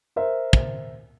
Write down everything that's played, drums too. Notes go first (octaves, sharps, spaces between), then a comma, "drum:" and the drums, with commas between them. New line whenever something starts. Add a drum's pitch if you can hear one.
A#4 C5 E5
drum: kick